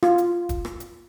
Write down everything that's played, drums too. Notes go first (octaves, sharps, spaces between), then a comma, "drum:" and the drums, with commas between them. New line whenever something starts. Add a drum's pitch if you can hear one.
F4, drum: rim click
drum: hi-hat
drum: kick, hi-hat
drum: rim click
drum: hi-hat